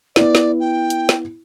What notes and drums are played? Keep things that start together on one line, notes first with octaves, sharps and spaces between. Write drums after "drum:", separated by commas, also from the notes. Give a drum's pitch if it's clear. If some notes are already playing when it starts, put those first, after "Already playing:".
B3 E4 D5, drum: snare
drum: snare
G5
drum: hi-hat
drum: snare